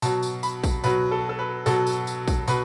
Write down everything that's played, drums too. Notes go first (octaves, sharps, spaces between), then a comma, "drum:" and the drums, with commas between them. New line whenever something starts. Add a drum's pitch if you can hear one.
B2 F#3 A5, drum: tambourine
drum: tambourine
B5, drum: tambourine
drum: kick, tambourine
B2 F#3 B4, drum: tambourine
A4
A4
B4
B2 F#3 A4, drum: tambourine
drum: tambourine
drum: tambourine
drum: kick, tambourine
B2 B4, drum: tambourine